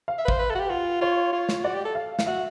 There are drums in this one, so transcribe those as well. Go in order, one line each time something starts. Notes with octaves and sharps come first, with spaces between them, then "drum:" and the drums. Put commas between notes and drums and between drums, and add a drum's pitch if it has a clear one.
F5
E5
B4
C5, drum: kick
B4
A4
F#4
G4
F4 F#5
F4 C#5
F4
drum: snare
F#4 D5
G4
A4
F5
F5, drum: snare
F#4 E5